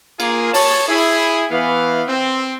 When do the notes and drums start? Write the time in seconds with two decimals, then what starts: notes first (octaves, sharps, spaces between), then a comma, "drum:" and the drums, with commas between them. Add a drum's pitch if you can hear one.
0.20 A#3 F4 G#4, drum: cymbal
0.54 C#5 A5, drum: open hi-hat
0.89 E4 G#4
1.51 E3 B3 F5
2.09 C4